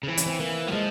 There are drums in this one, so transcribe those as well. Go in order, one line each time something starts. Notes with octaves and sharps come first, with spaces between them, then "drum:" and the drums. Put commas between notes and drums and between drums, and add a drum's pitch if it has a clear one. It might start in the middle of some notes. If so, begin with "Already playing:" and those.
C#3
E3 C4
C#4, drum: hi-hat
C4
E3 A#3
G3
F3 G#3